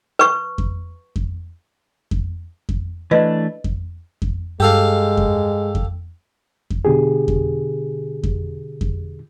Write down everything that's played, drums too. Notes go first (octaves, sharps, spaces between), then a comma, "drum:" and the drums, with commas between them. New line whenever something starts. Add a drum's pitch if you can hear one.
B4 C#6
drum: kick F2
drum: kick F2
drum: kick F2
drum: kick F2
E3 A3 D4 B4 D#5
drum: kick F2
drum: kick F2
G2 G#3 G4 A4 F5
drum: kick F2
drum: kick F2
drum: kick F2
B2 D3 G4 G#4
drum: kick F2
drum: kick F2
drum: kick F2